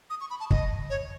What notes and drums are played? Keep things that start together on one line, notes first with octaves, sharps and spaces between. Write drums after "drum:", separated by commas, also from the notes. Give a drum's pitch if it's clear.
D#6
C#6
B5
A5
D#5, drum: kick
C#5